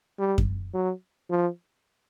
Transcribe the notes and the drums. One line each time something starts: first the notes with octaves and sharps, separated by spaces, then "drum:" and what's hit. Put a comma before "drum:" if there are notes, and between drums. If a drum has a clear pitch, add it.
G3
drum: kick F#2
F#3
F3